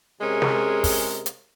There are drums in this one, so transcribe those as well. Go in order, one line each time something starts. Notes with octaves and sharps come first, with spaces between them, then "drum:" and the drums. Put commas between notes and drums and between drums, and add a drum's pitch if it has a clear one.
C3 G#3 C#4 G#4 A#4
drum: snare
drum: kick, open hi-hat
drum: hi-hat